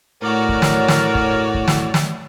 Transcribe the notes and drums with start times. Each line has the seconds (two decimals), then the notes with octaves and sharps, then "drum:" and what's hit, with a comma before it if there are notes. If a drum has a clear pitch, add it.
0.22 A2 F#4 A#4 C#5 D5
0.49 drum: kick
0.62 drum: snare
0.88 drum: snare
1.15 drum: kick
1.54 drum: kick
1.68 drum: snare
1.94 drum: snare